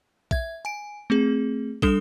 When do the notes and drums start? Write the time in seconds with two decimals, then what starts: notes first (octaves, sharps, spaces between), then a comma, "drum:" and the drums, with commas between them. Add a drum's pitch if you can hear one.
0.31 E5 G#6, drum: kick
0.65 G#5 D7
1.10 A3 C4 G#4
1.82 G3 D4 A4 D#6 E7 G7, drum: kick